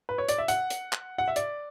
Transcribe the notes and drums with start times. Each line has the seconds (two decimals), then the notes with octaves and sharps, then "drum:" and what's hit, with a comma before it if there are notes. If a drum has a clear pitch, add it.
0.09 B4
0.18 C#5
0.29 D5, drum: hi-hat
0.38 E5
0.48 F#5, drum: hi-hat
0.70 drum: hi-hat
0.92 drum: clap
1.18 F#5
1.28 E5
1.36 D5, drum: hi-hat